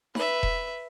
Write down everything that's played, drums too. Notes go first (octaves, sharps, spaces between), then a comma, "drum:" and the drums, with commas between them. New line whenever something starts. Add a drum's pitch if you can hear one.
B4 E5, drum: snare D#4
drum: kick E1